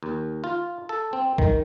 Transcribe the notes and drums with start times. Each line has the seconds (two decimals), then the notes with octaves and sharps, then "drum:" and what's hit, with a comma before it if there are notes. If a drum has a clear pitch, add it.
0.03 D#2
0.44 F4
0.89 A4
1.13 C4
1.38 D#3, drum: kick